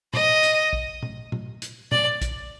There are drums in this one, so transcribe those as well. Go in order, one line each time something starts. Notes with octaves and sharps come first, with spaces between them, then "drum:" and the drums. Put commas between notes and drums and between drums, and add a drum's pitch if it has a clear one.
D#5, drum: tom A#2
drum: hi-hat
drum: kick
drum: tom A#2
drum: tom A#2
drum: hi-hat
D5, drum: tom A#2
drum: kick, hi-hat